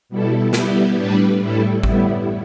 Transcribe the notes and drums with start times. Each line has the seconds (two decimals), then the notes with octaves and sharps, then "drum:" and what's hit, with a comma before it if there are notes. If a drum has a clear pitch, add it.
0.09 B2 G3 E4 A4
0.53 G3 B3 E4 G4, drum: snare
0.96 A2 G3 D4 B4
1.40 A2 G3 E4 A4
1.83 A2 G3 B3 E4, drum: kick G#1